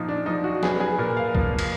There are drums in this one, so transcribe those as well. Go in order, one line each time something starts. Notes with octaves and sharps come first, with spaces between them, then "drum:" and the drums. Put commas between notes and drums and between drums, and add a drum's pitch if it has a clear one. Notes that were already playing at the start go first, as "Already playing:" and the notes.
Already playing: A#2 F3 D#4
D4
F3 D#4
F#4
B3 G#4, drum: snare
G#4
A#2 A#4
F5
F3, drum: kick
drum: cymbal